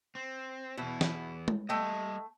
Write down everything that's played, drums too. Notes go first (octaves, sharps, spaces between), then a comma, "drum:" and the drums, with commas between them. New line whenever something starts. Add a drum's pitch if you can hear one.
C4
E2 B2 E4
drum: snare
drum: tom G#3
G3 A3 D#5 G5